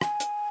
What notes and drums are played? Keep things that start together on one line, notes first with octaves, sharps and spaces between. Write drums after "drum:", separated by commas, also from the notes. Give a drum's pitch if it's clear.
G#5, drum: rim click
drum: hi-hat